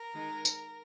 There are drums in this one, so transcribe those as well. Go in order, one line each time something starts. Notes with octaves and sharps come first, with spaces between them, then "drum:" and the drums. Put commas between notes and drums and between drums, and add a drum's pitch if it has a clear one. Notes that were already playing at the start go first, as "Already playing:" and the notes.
Already playing: A#4
D#3 G#3 D#4
drum: tambourine